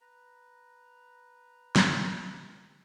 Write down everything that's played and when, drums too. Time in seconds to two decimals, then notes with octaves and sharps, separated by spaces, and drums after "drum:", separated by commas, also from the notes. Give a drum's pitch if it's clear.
0.01 B4 A#5
1.76 drum: snare